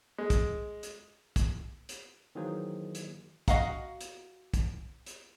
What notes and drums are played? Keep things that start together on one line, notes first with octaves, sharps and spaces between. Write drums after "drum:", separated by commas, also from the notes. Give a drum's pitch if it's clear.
G#3
drum: kick, hi-hat
drum: hi-hat
drum: kick, hi-hat
drum: hi-hat
D#3 E3 F#3 A#3 G#4 C5
drum: hi-hat
F#4 D#5 F5 F#5 A#5, drum: kick, hi-hat
drum: hi-hat
drum: kick, hi-hat
drum: hi-hat